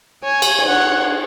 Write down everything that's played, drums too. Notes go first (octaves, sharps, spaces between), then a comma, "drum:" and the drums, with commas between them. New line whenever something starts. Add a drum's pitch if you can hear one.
C#5 G#5
drum: cymbal
drum: cymbal
C#5 F#5